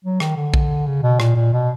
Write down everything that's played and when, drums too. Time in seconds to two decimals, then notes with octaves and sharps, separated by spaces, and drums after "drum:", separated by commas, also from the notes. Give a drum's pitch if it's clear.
0.05 F#3
0.20 D#3, drum: rim click
0.37 D3
0.54 drum: kick
0.87 C#3
1.03 B2
1.20 A#2, drum: rim click
1.35 A#2
1.53 B2